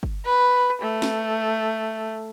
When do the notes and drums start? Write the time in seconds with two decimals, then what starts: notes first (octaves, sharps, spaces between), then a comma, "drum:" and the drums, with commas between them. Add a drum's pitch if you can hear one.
0.03 drum: kick
0.25 B4
0.81 A3
1.02 drum: snare